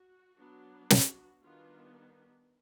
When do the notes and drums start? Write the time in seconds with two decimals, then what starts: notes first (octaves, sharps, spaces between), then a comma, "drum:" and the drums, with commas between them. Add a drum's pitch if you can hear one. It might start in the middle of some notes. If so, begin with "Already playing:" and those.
Already playing: F#4
0.38 F#3 B3 D4
0.90 F#4, drum: snare
1.42 D#3 G3 B3 D4 F4